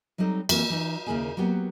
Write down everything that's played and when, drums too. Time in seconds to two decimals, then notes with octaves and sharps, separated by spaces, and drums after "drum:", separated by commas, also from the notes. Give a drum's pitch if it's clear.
0.18 F#3 G3 C4 D#4 A4
0.49 E3 A3 A#3 C4 F#4, drum: cymbal
0.70 E3 D#4
1.06 D#2 C#3 A#3 E4 G#4 G#5
1.37 F#3 A#3 B3 G4